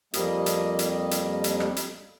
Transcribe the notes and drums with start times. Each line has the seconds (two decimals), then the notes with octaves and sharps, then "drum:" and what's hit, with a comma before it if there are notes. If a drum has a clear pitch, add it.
0.14 F2 G3 A#3 D#5, drum: hi-hat
0.46 drum: hi-hat
0.79 drum: hi-hat
1.11 drum: hi-hat
1.44 drum: hi-hat
1.60 drum: rim click
1.76 drum: hi-hat